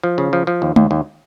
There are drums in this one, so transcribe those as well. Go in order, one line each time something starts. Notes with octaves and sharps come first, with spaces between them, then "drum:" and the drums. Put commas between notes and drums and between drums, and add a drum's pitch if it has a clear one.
F3
C#3
F3
F3
D#2
D#2, drum: tom G#3
D#2